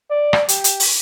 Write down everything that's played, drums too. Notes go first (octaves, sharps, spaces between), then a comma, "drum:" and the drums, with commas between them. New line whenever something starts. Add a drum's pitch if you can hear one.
D5
drum: rim click
G4, drum: hi-hat
drum: hi-hat
drum: open hi-hat